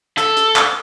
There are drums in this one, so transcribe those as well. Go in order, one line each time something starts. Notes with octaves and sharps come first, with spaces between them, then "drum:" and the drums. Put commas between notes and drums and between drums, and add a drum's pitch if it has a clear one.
A4, drum: hi-hat
drum: hi-hat
drum: clap